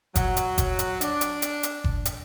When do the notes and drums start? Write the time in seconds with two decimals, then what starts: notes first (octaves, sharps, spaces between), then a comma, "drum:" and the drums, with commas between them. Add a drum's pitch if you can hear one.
0.15 F#3, drum: kick F#1, hi-hat
0.37 drum: hi-hat
0.58 drum: kick F#1, hi-hat
0.79 drum: hi-hat
1.01 D4, drum: hi-hat
1.21 drum: hi-hat
1.42 drum: hi-hat
1.63 drum: hi-hat
1.84 drum: kick F#1
2.05 drum: hi-hat